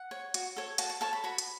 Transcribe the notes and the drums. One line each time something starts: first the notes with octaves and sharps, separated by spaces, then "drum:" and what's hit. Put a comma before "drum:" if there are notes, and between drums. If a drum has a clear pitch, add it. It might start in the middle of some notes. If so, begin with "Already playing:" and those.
Already playing: F#5
C#5
F#4, drum: hi-hat
A4 C#5
F#4 A5, drum: hi-hat
A5
A4 C#5 A5
B5
F#4 B5
drum: hi-hat